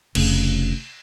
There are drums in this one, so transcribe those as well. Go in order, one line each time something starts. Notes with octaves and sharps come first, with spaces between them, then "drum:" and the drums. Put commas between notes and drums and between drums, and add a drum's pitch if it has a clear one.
F1 C#3, drum: cymbal